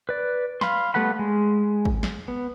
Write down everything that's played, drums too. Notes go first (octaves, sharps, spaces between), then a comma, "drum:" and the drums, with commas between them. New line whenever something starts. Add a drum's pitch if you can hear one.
B4 D5
F5 B5 C6, drum: snare
G3 A3 B3 F#5 B5
G#3
drum: kick G#1
drum: snare
B3